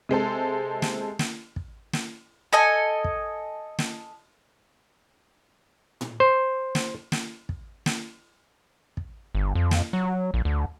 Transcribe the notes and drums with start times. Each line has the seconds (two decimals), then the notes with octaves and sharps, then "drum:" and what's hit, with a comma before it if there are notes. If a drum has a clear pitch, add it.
0.09 C3 G#3 C4 A4
0.82 drum: snare
1.19 drum: snare
1.56 drum: kick
1.93 drum: snare
2.53 A4 D#5 G#5
3.04 drum: kick
3.79 drum: snare
6.01 drum: tom A2
6.20 C5
6.75 drum: snare
7.12 drum: snare
7.49 drum: kick
7.86 drum: snare
8.97 drum: kick
9.35 G1
9.55 F2
9.71 drum: snare
9.93 F#3
10.34 A#1
10.45 D2